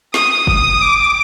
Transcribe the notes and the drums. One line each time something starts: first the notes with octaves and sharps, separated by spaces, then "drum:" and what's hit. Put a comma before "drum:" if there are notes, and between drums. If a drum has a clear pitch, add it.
D#6, drum: snare
D#6, drum: kick F#1
D6